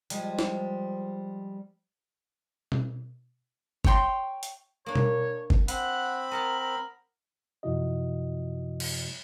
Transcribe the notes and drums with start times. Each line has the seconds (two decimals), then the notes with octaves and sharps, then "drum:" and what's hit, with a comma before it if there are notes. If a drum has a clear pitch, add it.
0.10 F3 G3 G#3, drum: hi-hat
0.39 drum: snare
2.72 drum: tom B2
3.85 C#5 G5 C6, drum: kick F#1
4.43 drum: hi-hat
4.86 A#3 D4 C#5
4.95 drum: tom B2
5.50 drum: kick F#1
5.68 C4 F#5 B5, drum: hi-hat
6.31 A#4 D#5 F#5 A5
6.59 A#4
7.63 F#2 C3 F3 E4 F#4 D#5
8.80 drum: cymbal